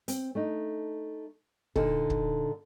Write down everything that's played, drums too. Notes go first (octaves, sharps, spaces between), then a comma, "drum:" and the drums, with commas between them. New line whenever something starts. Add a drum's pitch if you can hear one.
C4, drum: hi-hat
A3 D4 D#4
A#2 D3 D#4 A4, drum: kick
drum: kick